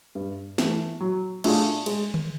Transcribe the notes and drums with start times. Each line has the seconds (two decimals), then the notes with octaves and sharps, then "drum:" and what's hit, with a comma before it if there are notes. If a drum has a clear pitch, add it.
0.15 G2
0.58 E3 A3, drum: snare
1.00 F#3
1.44 A3 D4 F4 G#4, drum: cymbal
1.86 G#3, drum: cymbal
2.14 drum: tom D3